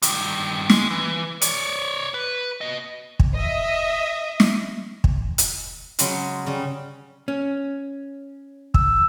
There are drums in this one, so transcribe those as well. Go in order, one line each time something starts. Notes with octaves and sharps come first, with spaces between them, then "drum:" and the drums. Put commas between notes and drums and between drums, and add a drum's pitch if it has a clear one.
G2 D#3, drum: hi-hat
G#3, drum: snare
E3
C#5 D5, drum: hi-hat
B4
F#4 D#5
drum: kick
D#5 E5
drum: snare
drum: kick
drum: hi-hat
C#3 F#3 G#3 B5 C6, drum: hi-hat
C#3 G3 C#4
C#4
E6, drum: kick